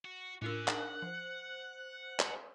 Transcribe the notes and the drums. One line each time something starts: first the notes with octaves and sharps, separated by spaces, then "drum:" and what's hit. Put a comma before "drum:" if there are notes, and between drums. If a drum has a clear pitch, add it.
F#4
A2 C#3 C#4 D4 F4 A#4 E6 F#6
D#4 G#4 F#5 A5, drum: clap
F3 C5
drum: clap